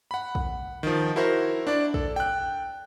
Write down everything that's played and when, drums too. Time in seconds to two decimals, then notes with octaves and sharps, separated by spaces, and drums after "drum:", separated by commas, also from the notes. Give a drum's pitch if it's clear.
0.11 F#5 B5
0.35 drum: kick A#1
0.83 D#3 F3
1.16 E4 F#4 A#4 C5
1.67 D4 D5
1.94 A4, drum: kick A#1
2.16 G5 F#6